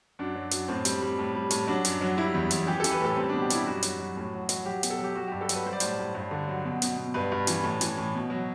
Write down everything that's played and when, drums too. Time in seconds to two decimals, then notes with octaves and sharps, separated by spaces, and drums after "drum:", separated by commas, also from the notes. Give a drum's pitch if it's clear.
0.19 F#2 D4
0.36 F#3
0.51 F#2, drum: hi-hat
0.68 A2 C4
0.85 G3, drum: hi-hat
1.02 G3
1.19 A2
1.35 G3
1.51 A2, drum: hi-hat
1.67 F#3 D4
1.85 F#2, drum: hi-hat
2.01 F#3
2.17 G3 E4
2.34 E2
2.51 E2, drum: hi-hat
2.67 E3 G4
2.80 A4
2.84 E3, drum: hi-hat
2.91 B4
3.01 A2 A4
3.16 G3 C4
3.29 D4
3.33 B2
3.41 G4
3.50 G3 E4, drum: hi-hat
3.66 F#2 F#4
3.83 F#3, drum: hi-hat
3.99 F#3
4.17 A2
4.33 F#3
4.49 F#3, drum: hi-hat
4.65 F#3 G4
4.83 B2, drum: hi-hat
4.90 A4
4.99 F#3
5.04 G4
5.15 F#3 F#4
5.28 G4
5.32 G2
5.41 A4
5.49 F#3 B4, drum: hi-hat
5.66 G3 C5
5.73 D5
5.80 A2 C5, drum: hi-hat
5.99 A2
6.15 G2
6.31 D3
6.48 F#3
6.65 B2
6.82 B2, drum: hi-hat
6.97 B2
7.14 G2 B4
7.32 G2
7.47 E3, drum: hi-hat
7.64 A2
7.81 E3, drum: hi-hat
7.98 A2
8.15 B2
8.30 F#3